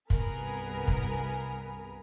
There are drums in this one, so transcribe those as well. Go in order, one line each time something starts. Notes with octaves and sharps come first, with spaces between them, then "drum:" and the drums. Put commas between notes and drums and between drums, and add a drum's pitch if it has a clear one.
C2 G2 B3 G#4 A#4 B5, drum: kick
drum: kick